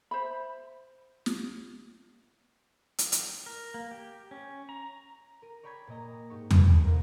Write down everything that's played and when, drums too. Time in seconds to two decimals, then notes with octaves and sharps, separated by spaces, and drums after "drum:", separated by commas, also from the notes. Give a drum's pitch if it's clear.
0.11 C5 E5 B5
1.26 drum: snare
2.98 drum: hi-hat
3.12 drum: hi-hat
3.46 A#4
3.74 A#3
3.91 G4
4.31 C#4
4.69 A#5
5.42 A#4 D#7
5.63 C#5 D5 G5 B5 C#6 G#6
5.87 A#2 A#3 D#5 A#5
6.30 G#2 D#4 G4 C#6
6.51 D3 B4, drum: tom E2
6.84 C2 A#4